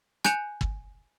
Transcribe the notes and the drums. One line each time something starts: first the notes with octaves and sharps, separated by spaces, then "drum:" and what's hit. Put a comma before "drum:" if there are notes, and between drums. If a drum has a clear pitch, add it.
G#5 F#6 G6 C#7 E7 F7, drum: rim click
drum: kick